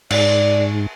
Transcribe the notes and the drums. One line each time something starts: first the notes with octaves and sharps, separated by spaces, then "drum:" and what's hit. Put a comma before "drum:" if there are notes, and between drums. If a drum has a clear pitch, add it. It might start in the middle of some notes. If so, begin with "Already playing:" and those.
G#2 D5, drum: cymbal